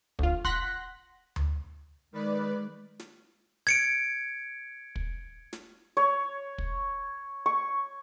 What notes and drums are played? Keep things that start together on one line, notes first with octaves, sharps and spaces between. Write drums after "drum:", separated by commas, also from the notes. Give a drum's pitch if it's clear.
D2 F4, drum: kick
F#5 C6 F#6 A#6 B6, drum: kick
drum: tom D2
D#3 G#3 B4 D5
drum: snare
G#6 C#7 D7, drum: hi-hat
drum: kick
drum: snare
C#5
drum: kick
C#6